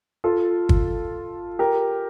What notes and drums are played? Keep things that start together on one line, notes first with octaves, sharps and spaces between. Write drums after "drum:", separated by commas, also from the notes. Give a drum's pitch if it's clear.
F4 A4
drum: kick
G4 A#4